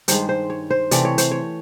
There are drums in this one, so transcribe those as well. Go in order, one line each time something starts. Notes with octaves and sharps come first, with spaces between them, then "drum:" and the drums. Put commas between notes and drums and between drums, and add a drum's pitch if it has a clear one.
G2 D#3 G#3 C5, drum: hi-hat
C5
C#5
C5
C3 E3 A3 C4 D5, drum: hi-hat
C#5
C5, drum: hi-hat
C#5